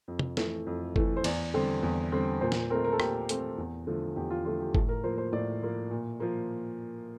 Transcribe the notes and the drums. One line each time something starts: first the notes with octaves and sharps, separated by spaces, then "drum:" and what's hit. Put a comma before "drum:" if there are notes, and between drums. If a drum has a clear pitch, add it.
F2
drum: tom
E3 A3, drum: snare
F2
E3 A3, drum: kick G1
C5
E2 D5, drum: cymbal
D3 G3 C4
E2
D3 G3 C4
A#2 C5
drum: snare
A3 C4 A#4
A#4
A4
A#2 G4, drum: rim click
A3 C4, drum: hi-hat
E2
D3 F3 A3
E2 G4
F4
D3 F3 A3 F4
G4
A2 A4, drum: kick G1
A#4
F3 A#3 C5
C5
A2 D5
F3 A#3
A#2
F3 A#3